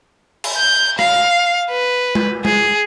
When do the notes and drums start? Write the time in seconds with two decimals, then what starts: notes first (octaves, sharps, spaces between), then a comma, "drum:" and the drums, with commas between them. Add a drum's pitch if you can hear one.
0.44 drum: cymbal
0.57 G6
0.99 F5, drum: rim click
1.70 B4
2.15 drum: tom G#3
2.45 G#4, drum: tom G#3